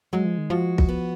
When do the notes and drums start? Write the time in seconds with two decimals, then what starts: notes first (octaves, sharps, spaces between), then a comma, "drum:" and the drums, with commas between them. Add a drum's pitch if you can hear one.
0.13 F#3 G#3
0.25 F3
0.38 D#3
0.50 F3 F#4
0.78 drum: kick
0.89 B3